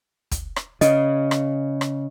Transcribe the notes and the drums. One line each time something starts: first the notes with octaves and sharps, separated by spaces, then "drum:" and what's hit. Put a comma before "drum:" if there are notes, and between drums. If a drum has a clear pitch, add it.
drum: kick, hi-hat
drum: rim click
C#3 D#5, drum: hi-hat
drum: rim click
drum: rim click